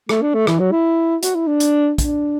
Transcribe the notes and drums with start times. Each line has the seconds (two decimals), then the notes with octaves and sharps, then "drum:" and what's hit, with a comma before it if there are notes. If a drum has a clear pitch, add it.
0.09 A3, drum: rim click
0.22 D4
0.35 A3
0.47 E3, drum: rim click
0.60 F#3
0.72 E4
1.23 F#4, drum: hi-hat
1.35 E4
1.47 D4
1.60 drum: hi-hat
1.98 D4, drum: kick, hi-hat